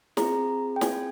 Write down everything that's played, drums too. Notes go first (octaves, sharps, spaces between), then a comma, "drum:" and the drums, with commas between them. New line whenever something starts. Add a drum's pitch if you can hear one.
C4 F4 G#4 A#5, drum: snare
G5
C4 F4 G#4 G#5, drum: snare